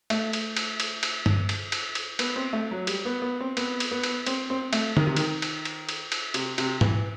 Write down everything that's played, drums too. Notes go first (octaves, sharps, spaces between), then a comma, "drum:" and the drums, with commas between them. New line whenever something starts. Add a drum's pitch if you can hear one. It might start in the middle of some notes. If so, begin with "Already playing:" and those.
A3, drum: cymbal
drum: cymbal
drum: cymbal
drum: cymbal
drum: cymbal
drum: tom G2
drum: cymbal
drum: cymbal
drum: cymbal
B3, drum: cymbal
C4
A3
F#3
G3, drum: cymbal
B3
B3
C4
B3, drum: cymbal
drum: cymbal
B3
drum: cymbal
C4, drum: cymbal
C4
A3, drum: cymbal
D#3, drum: tom D3
C3
D#3, drum: cymbal
drum: cymbal
drum: cymbal
drum: cymbal
drum: cymbal
C3, drum: cymbal
C3, drum: cymbal
E3, drum: tom G#2